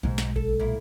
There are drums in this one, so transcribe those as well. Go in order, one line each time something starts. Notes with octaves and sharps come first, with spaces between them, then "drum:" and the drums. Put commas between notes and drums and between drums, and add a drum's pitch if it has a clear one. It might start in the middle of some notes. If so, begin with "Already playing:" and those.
B1 G#2 G#3
drum: snare
A4, drum: kick A1
A#2 E4